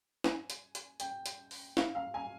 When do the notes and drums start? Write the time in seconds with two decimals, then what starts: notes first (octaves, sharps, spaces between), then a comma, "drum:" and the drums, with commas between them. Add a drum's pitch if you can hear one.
0.24 G#5, drum: snare
0.50 drum: hi-hat
0.75 drum: hi-hat
1.00 G5, drum: hi-hat
1.26 drum: hi-hat
1.51 drum: open hi-hat
1.77 F5, drum: snare
1.95 F5
2.14 G#5